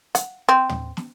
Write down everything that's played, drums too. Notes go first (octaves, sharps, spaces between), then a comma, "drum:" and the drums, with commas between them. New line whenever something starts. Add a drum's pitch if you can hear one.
F#5, drum: hi-hat
C4
drum: tom
drum: snare